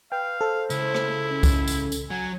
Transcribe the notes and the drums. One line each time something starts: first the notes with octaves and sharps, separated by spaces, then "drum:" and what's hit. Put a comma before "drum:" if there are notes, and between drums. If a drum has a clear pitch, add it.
B4 F5 G5
A4 C5
C#2 E4, drum: tambourine
drum: rim click
C#4
drum: kick C2, tambourine
drum: tambourine
drum: tambourine
F#3 G#5